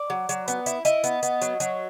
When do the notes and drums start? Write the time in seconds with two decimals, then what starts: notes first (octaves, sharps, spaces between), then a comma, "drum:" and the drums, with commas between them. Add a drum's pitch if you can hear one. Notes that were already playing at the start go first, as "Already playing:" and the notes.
Already playing: D5
0.10 F#3
0.29 F#3, drum: hi-hat
0.48 B3, drum: hi-hat
0.66 E4, drum: hi-hat
0.85 E4 D#5, drum: hi-hat
1.04 B3, drum: hi-hat
1.23 B3, drum: hi-hat
1.42 F#3, drum: hi-hat
1.60 F#3, drum: hi-hat